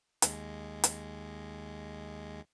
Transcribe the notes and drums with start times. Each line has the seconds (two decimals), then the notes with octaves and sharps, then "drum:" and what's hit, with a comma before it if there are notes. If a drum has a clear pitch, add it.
0.22 D#2 G#3, drum: hi-hat
0.84 drum: hi-hat